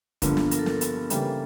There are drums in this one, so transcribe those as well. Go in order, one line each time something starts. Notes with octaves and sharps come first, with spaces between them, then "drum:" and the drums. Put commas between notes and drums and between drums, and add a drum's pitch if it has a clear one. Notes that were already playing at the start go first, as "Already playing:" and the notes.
G2 D3 F3 A#3 B3, drum: kick, hi-hat
drum: snare
A#4, drum: hi-hat
A4
A#4, drum: snare
drum: hi-hat
C#3 E3 G3 A#3 A4, drum: hi-hat